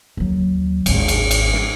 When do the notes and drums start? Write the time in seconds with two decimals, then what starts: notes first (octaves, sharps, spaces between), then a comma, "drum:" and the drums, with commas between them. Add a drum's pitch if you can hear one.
0.17 D#2 F#3
0.86 G#1 D#2, drum: cymbal
1.08 drum: cymbal
1.31 drum: cymbal
1.53 drum: snare